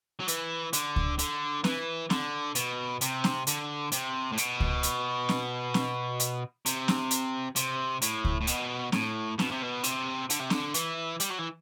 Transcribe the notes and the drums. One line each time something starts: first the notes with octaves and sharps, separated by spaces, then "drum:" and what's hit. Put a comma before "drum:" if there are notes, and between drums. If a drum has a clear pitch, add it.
F#3
E3, drum: hi-hat
D3, drum: hi-hat
drum: kick C#2
D3, drum: hi-hat
E3, drum: snare C4
D3, drum: snare C4
B2, drum: hi-hat
C3, drum: hi-hat
drum: snare C4
D3, drum: hi-hat
C3, drum: hi-hat
A2
B2, drum: hi-hat
drum: kick C#2
drum: hi-hat
drum: snare C4
drum: snare C4
drum: hi-hat
C3, drum: hi-hat
drum: snare C4
drum: hi-hat
C3, drum: hi-hat
A2, drum: hi-hat
drum: kick C#2
A2
B2, drum: hi-hat
A2, drum: snare C4
B2, drum: snare C4
C3
B2
C3, drum: hi-hat
D3, drum: hi-hat
C3
D3, drum: snare C4
E3, drum: hi-hat
G3, drum: hi-hat
F#3
E3